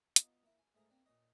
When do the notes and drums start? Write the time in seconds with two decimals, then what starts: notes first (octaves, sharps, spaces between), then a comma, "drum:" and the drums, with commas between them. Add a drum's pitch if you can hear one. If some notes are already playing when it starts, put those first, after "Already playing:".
0.16 B3 D#4 F4, drum: hi-hat
0.43 A#3 E4
0.59 G#5
0.75 G#2 A3 G#4 A#4
0.90 A#3 C4 D4
1.06 A#2 C#5 D#5